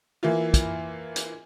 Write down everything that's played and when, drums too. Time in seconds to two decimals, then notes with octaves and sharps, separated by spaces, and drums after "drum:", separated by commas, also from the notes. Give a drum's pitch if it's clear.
0.23 E3 A#3 E4 F4
0.54 drum: kick, hi-hat
1.16 drum: hi-hat